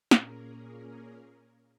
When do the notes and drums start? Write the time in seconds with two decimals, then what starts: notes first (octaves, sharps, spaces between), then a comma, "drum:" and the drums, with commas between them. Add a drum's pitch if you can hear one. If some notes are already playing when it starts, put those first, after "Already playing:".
0.11 A#2 A#3 C#4 G#4 A#4, drum: snare